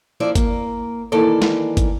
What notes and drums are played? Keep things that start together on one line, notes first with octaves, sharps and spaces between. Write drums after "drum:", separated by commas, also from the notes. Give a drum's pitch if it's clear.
F3 A#3 E4 D5
A#3, drum: kick, hi-hat
D#3 E3 A#3 A4 D5
drum: snare
drum: kick, hi-hat